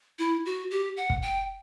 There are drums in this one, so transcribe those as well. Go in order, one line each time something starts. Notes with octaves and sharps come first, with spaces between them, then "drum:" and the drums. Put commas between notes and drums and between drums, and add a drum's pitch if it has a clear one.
E4
F#4
G4
F#5
drum: kick
G5